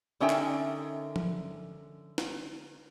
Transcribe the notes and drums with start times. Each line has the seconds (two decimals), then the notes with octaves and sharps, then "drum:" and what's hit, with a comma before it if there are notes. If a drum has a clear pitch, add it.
0.20 D3 C#4 D#4 A#4 E5 G5
0.30 drum: clap
1.16 drum: tom F3
2.18 drum: snare